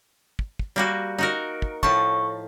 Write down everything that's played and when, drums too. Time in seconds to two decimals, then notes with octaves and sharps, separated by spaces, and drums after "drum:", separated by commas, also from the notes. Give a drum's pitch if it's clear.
0.39 drum: kick
0.59 drum: kick
0.76 G3 A#3 F#4
1.18 D#4 F#4 A#4
1.62 drum: kick
1.83 A2 F3 A5 C#6, drum: kick